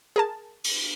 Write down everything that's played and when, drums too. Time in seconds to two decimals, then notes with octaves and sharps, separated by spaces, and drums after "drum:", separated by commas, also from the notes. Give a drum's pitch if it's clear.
0.16 G#4 A#4 A5
0.64 drum: open hi-hat